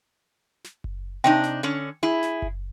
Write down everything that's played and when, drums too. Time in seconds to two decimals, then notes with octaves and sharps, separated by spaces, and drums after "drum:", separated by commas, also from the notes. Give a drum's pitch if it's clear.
0.64 drum: snare
0.84 drum: kick F#1
1.24 C3 D4 D#4 G5
1.43 drum: snare
1.63 D3 C#4
2.03 E4 G#4
2.23 drum: snare
2.42 drum: kick F#1